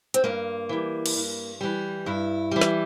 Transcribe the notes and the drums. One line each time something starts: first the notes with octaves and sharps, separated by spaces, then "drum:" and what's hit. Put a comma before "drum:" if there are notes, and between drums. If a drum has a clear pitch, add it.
C4, drum: hi-hat
G2 A#3
E3 G3
drum: cymbal
G2
E3 G3
G2 E4
E3 G3
drum: snare